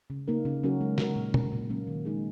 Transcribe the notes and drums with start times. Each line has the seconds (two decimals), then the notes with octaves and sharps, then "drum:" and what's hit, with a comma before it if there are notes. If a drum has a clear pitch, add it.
0.10 C#3
0.28 A#3 D#4 A#4
0.45 C#3
0.63 F#3 C#4 F#4 A#4
0.81 G#3
0.98 F#4 A#4, drum: snare
1.16 A#2
1.34 G#3 C#4 A#4, drum: tom
1.52 A#2
1.70 F#3 A#3 C#4
1.87 D#3
2.05 G#3 D#4 G#4